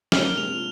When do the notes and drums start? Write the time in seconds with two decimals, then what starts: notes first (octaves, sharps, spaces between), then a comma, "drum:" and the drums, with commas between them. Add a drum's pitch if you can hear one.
0.12 A#3 D4 F6, drum: snare
0.37 G#3 C4 F7
0.55 F4